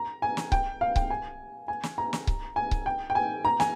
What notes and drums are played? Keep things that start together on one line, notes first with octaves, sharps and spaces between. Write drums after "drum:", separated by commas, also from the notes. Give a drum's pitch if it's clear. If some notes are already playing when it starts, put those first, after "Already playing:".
Already playing: A#5
G#5
drum: snare
G5, drum: kick C#1
F5
G5, drum: kick C#1
G#5
G#5
drum: snare
A#5
drum: snare
drum: kick C#1
G#5
drum: kick C#1
G5
G5
G#5
A#5
G#5, drum: snare